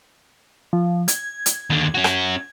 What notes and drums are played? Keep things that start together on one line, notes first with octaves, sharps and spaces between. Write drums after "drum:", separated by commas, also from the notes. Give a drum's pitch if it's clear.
F3
G#6, drum: hi-hat
drum: hi-hat
D#2 D3
C#4 F#4
drum: rim click